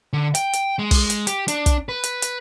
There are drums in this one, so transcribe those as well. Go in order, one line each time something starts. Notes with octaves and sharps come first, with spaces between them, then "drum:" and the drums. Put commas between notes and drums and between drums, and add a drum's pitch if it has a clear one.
D3
G5, drum: hi-hat
drum: hi-hat
G#3
drum: kick, open hi-hat
drum: hi-hat
G4, drum: hi-hat
D4, drum: hi-hat
drum: kick, hi-hat
B4
drum: hi-hat
drum: hi-hat